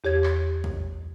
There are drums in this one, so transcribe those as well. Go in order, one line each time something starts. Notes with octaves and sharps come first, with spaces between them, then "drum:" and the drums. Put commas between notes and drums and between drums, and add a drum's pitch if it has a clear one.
E2 G4 C#5 G#6
drum: clap
drum: kick